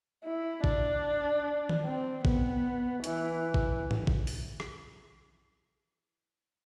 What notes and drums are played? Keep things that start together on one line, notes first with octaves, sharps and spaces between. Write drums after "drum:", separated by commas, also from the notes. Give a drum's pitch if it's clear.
E4
D4, drum: kick
drum: tom D#3
C4
B3, drum: kick
E3, drum: hi-hat
drum: kick
drum: tom G#2
drum: kick
drum: open hi-hat
drum: rim click